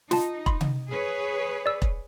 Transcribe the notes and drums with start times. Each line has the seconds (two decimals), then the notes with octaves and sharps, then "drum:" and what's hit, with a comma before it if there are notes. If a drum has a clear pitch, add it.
0.11 D#4 F4 A5, drum: snare
0.46 B5 C6, drum: kick E1
0.61 drum: tom C3
0.89 G#4 B4 C#5
1.66 D5 E6
1.82 drum: kick E1